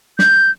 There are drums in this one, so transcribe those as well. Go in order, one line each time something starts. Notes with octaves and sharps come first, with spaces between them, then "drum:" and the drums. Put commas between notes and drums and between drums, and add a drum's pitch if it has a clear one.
G6, drum: snare